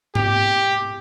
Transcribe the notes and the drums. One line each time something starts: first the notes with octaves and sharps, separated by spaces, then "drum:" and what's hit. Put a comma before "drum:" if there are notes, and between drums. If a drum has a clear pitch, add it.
G4, drum: tom G#2